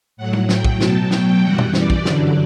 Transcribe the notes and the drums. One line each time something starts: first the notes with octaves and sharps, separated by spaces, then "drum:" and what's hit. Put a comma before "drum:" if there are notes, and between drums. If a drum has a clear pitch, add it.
A2 F#3 F#5
drum: tom G3
G5, drum: snare
drum: kick
B2 F#3 A5, drum: snare
G5, drum: snare
F#2 E3 G3 F#5
drum: tom
D5, drum: snare
drum: kick
G2 D3 F#3, drum: snare